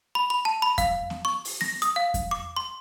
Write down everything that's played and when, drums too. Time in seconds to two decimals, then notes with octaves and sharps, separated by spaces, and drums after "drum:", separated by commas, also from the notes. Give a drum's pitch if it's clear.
0.15 B5
0.30 B5
0.45 A5
0.62 B5
0.78 F5, drum: kick F2, hi-hat
1.10 drum: snare B3
1.25 C#6
1.45 drum: open hi-hat
1.61 A#6, drum: snare B3
1.82 D#6, drum: hi-hat
1.96 F5
2.14 drum: kick F2, hi-hat
2.31 D6
2.56 C6